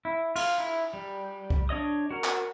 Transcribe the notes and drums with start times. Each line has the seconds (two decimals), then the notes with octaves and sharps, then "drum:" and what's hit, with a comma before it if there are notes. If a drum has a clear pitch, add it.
0.05 E4
0.36 F4, drum: cymbal
0.58 E4
0.94 G3
1.50 drum: kick C2
1.69 D4 C#5 D#5 D#6
2.11 F#4 A#4
2.24 drum: clap